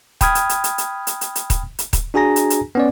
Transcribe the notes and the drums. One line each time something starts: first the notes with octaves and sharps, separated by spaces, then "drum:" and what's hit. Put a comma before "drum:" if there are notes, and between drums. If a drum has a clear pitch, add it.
G5 B5 D#6 F6 G#6, drum: kick D#1, hi-hat
drum: hi-hat
drum: hi-hat
drum: hi-hat
drum: hi-hat
drum: hi-hat
drum: hi-hat
drum: hi-hat
drum: kick D#1, hi-hat
drum: hi-hat
drum: kick D#1, hi-hat
D4 F#4 G#4 G#5 A#5 A#6
drum: hi-hat
drum: hi-hat
B3 C#4 D5